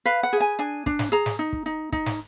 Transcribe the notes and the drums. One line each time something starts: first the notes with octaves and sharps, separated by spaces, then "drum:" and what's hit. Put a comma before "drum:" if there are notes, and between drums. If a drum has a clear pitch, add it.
B4 F5
F#5
G#4
G#5
D4 G#5
D4, drum: kick
drum: snare
G#4 A#5
drum: snare
D#4
drum: kick
D#4
D#4, drum: kick
drum: snare